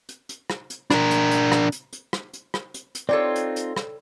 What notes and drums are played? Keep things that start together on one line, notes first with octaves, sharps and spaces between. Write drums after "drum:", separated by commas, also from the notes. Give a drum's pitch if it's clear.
drum: hi-hat
drum: hi-hat
drum: rim click
drum: hi-hat
D4 A#4, drum: rim click
drum: hi-hat
drum: hi-hat
drum: rim click
drum: hi-hat
drum: hi-hat
drum: rim click
drum: hi-hat
drum: rim click
drum: hi-hat
drum: hi-hat
C4 D#4 F4 A4 C#5 D5 G5
drum: hi-hat
drum: hi-hat
drum: rim click